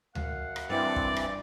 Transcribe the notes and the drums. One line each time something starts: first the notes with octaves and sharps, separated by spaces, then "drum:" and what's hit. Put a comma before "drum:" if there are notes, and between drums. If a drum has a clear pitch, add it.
F#2 F5 F#5, drum: tom D2
drum: rim click
G2 E3 C4 D5
drum: kick
drum: rim click